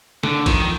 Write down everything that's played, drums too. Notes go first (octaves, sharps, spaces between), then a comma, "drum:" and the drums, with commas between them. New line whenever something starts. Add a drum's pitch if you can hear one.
D3 A3, drum: snare
D#3 F3, drum: kick, cymbal